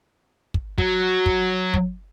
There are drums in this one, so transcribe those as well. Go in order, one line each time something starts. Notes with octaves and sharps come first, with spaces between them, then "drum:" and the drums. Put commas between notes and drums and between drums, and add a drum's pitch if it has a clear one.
drum: kick
F#3, drum: kick
drum: kick
drum: kick